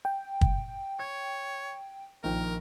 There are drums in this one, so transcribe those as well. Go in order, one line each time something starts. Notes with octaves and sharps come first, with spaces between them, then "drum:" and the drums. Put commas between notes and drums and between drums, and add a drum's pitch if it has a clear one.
G5
drum: kick
C#5 G#6
A#1 D#3 A#4 G5